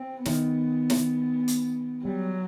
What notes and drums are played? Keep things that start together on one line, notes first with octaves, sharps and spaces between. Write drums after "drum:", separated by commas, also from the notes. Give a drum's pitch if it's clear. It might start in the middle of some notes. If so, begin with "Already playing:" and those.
Already playing: C4
D#3 B3, drum: snare
drum: snare
drum: hi-hat
F#3 G3